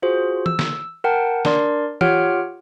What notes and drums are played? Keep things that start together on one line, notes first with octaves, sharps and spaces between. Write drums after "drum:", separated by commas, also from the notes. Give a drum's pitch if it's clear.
F4 F#4 G#4 C5
E6, drum: tom E3
drum: snare
A#4 F#5 G5 A5
D4 A#4 D5 C6, drum: snare
F4 G4 C#5 F#5 F6 D7, drum: tom E3